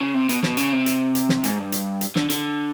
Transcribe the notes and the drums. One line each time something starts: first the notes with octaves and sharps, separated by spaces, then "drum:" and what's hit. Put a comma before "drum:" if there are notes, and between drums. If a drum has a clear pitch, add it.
C#3
C3
B2, drum: hi-hat
B2, drum: snare
C#3, drum: hi-hat
C3
drum: hi-hat
drum: hi-hat
drum: snare
G#2, drum: hi-hat
G2
drum: hi-hat
drum: hi-hat
D3, drum: snare
D3, drum: hi-hat